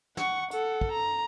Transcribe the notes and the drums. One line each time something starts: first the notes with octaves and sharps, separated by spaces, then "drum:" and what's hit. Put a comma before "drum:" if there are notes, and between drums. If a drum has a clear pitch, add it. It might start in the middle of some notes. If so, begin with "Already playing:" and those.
F#5 C#6, drum: snare
A4 F#5, drum: hi-hat
drum: kick
A#5